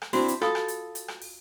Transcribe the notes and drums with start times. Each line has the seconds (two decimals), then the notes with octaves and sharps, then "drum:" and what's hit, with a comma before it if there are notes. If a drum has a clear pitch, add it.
0.02 drum: rim click
0.13 C4 D4 E4 F#4, drum: open hi-hat
0.28 drum: hi-hat
0.42 F4 A4 F5 D#6, drum: rim click
0.55 drum: rim click
0.68 drum: hi-hat
0.95 drum: hi-hat
1.08 drum: rim click
1.22 drum: open hi-hat